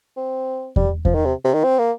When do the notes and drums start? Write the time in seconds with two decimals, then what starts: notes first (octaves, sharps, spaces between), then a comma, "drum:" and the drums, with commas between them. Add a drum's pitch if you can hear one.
0.17 C4
0.76 G3, drum: kick E2
1.05 F3, drum: kick E2
1.14 D#3
1.25 C3
1.44 C3
1.54 D#3
1.64 C4
1.78 A#3